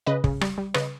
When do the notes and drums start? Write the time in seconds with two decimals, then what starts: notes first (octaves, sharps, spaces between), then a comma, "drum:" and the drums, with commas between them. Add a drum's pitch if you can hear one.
0.06 C#3 B4 D#5
0.24 C#3, drum: kick
0.41 G3, drum: rim click
0.58 G3
0.74 C#3 B4 D#5, drum: rim click